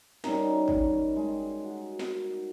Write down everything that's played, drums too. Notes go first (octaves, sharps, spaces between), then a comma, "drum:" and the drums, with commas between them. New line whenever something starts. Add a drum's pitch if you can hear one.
G3 C#4 D#4 A#4, drum: snare
drum: kick G#1
G#3
F#4
drum: snare